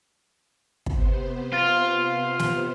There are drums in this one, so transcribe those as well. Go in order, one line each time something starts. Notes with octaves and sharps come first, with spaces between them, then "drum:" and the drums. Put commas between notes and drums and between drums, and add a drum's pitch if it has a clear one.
C3 B3 C5, drum: kick
F4
drum: snare